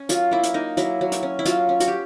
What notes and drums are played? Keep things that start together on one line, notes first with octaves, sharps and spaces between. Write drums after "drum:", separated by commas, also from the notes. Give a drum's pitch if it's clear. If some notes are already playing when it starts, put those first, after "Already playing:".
Already playing: C#4
F#3 F4, drum: hi-hat
A#3 E4
drum: hi-hat
A#3 D#4
F#3 E4, drum: hi-hat
F#3
drum: hi-hat
C#4
E4
F#3 F4, drum: hi-hat
C#4
F#4, drum: hi-hat
G4